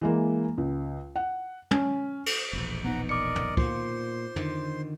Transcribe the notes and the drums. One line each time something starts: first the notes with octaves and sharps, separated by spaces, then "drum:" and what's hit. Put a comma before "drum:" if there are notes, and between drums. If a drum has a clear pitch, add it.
E3 G#3 A#3
C#2
F#5
C#4, drum: tom
drum: cymbal
E1 A#1
B3 D#4 F#5 A#5
A#4 D5 D#5 D6 C#7
drum: tom
A#2 F4 C5 C6, drum: kick
D3 D#3, drum: tom